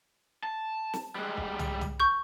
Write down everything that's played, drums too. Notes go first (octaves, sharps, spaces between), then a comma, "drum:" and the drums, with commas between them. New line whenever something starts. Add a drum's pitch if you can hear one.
A5
drum: snare
G3 G#3
drum: kick
drum: tom
drum: tom
C#6 G6